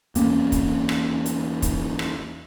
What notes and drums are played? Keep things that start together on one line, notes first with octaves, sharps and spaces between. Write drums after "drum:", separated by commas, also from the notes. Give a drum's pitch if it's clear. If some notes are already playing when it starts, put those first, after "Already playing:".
E2 A#3 C4 C#4, drum: hi-hat
drum: kick, hi-hat
drum: rim click
drum: hi-hat
drum: kick, hi-hat
drum: rim click